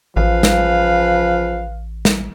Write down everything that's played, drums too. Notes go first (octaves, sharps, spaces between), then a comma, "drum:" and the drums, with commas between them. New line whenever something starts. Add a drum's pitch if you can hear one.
A1 C#3 F3 B4 F5
drum: snare
drum: snare